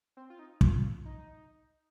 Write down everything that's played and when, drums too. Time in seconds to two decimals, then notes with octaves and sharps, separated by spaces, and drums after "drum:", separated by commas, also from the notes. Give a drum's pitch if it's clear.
0.17 C4
0.30 F4
0.39 D#4
0.61 F4, drum: kick
1.05 D#4